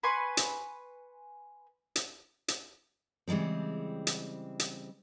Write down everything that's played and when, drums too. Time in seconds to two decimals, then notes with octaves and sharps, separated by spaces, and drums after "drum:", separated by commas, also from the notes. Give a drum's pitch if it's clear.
0.03 B4 G#5 C6 C#6
0.37 drum: hi-hat
1.96 drum: hi-hat
2.48 drum: hi-hat
3.28 C#3 E3 G3 G#3 C4
4.07 drum: hi-hat
4.59 drum: hi-hat